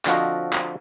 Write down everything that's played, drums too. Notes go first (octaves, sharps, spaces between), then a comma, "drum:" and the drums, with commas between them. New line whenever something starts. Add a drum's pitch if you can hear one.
D3 F3 C4 F4 F#4 D#5, drum: clap
drum: clap